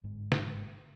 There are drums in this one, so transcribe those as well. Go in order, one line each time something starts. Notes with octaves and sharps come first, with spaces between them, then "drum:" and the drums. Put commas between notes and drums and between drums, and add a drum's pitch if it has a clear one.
G1 G#2 G#3
drum: snare